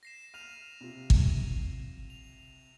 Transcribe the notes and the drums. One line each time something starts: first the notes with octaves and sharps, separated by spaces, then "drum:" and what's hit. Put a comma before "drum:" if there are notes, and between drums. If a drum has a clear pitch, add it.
A#6 C7 E7
F6 D#7 F7
C3 F4
drum: kick
F7